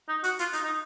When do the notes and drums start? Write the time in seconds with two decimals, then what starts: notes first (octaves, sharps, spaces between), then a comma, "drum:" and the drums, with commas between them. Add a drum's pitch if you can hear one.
0.08 D#4
0.24 F#4, drum: hi-hat
0.39 F4, drum: hi-hat
0.53 D#4, drum: hi-hat
0.63 D#4